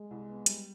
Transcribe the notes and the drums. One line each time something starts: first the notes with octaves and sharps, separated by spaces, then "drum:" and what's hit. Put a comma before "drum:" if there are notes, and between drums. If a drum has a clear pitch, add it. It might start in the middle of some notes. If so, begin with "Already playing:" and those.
Already playing: G#3
C2
B3
G3, drum: hi-hat